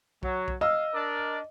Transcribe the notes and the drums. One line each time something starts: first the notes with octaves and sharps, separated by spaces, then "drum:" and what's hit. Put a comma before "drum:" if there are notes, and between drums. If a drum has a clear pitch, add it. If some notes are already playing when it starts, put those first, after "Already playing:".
F#3, drum: kick B1
drum: kick B1
D#5 F5 E6
D4 A#4 D5